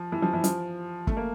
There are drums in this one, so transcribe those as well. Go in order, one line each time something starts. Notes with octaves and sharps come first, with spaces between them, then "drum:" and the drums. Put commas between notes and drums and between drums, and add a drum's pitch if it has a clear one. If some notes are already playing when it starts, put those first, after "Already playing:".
Already playing: F3
E3
F3
E3
F3, drum: hi-hat
A3, drum: kick
A#3